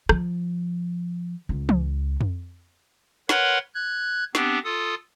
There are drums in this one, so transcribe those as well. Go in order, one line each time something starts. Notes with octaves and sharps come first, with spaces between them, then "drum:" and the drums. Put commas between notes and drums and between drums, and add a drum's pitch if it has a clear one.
F3, drum: rim click
C#2
drum: tom E3
drum: tom F2
A#4 B4 C#5 F#5 B5 C6, drum: snare
F#6 G#6
B3 C4 D4 G4, drum: snare
F4 A4 D#6